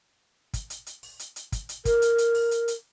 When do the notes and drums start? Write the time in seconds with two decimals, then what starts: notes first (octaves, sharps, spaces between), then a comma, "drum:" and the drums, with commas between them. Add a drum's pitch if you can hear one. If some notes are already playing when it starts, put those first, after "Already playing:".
0.54 drum: kick, hi-hat
0.70 drum: hi-hat
0.86 drum: hi-hat
1.03 drum: open hi-hat
1.19 drum: hi-hat
1.36 drum: hi-hat
1.52 drum: kick, hi-hat
1.69 drum: hi-hat
1.85 A#4, drum: kick, hi-hat
2.02 drum: hi-hat
2.18 drum: hi-hat
2.35 drum: open hi-hat
2.51 drum: hi-hat
2.68 drum: hi-hat